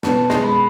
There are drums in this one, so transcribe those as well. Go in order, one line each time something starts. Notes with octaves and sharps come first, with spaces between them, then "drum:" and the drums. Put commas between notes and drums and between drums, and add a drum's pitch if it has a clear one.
B2 B3 A5, drum: snare
G#3, drum: snare
B5